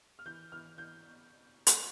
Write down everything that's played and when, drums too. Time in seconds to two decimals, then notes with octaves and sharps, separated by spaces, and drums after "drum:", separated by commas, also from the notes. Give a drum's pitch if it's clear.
0.19 F6
0.26 E3 G6
0.52 E3 F6
0.78 E3 G6
1.67 drum: hi-hat